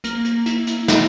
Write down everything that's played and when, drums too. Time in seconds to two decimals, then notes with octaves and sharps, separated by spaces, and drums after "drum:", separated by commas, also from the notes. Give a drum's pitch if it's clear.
0.04 A#3, drum: hi-hat
0.25 drum: hi-hat
0.46 E4, drum: hi-hat
0.67 drum: hi-hat
0.88 E4, drum: snare